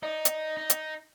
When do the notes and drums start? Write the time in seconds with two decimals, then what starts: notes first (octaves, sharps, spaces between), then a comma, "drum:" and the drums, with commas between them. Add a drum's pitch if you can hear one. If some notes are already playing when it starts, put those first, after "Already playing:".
0.03 D#4 D5 D#5
0.25 drum: hi-hat
0.57 D#4
0.70 drum: hi-hat